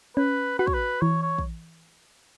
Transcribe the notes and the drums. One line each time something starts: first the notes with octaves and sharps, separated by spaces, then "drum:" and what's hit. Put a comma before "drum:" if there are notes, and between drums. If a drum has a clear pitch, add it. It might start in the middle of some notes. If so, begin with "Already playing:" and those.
C#4 B4
F#4 B4
C#5, drum: kick
B4
E3 C#5
C#5
drum: kick